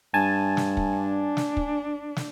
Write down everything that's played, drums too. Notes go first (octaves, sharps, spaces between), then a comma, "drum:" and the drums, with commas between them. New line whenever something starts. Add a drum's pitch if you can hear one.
G2 G#5 A5
drum: snare
drum: kick
D4
drum: snare
drum: kick
drum: snare